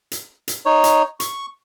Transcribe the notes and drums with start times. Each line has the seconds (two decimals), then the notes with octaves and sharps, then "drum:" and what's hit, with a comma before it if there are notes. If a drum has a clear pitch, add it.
0.11 drum: hi-hat
0.48 drum: hi-hat
0.66 D#4 C#5
0.84 drum: hi-hat
1.20 C#6, drum: hi-hat